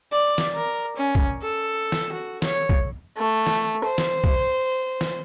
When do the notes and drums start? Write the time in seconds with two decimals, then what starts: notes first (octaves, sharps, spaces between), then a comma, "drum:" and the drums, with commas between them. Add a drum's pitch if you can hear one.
0.12 D5
0.38 drum: snare
0.55 A#4
0.96 C#4
1.15 drum: kick B1
1.42 A4
1.92 drum: snare
2.13 F#4
2.42 C#5, drum: snare
2.69 drum: kick B1
3.18 A3
3.47 drum: snare
3.86 C5
3.98 drum: snare
4.24 drum: kick B1
5.01 drum: snare